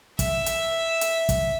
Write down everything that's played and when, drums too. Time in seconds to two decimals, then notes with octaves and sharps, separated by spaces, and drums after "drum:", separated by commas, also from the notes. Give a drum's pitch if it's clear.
0.19 E5, drum: kick, hi-hat
0.46 drum: hi-hat
1.01 drum: hi-hat
1.29 drum: kick, hi-hat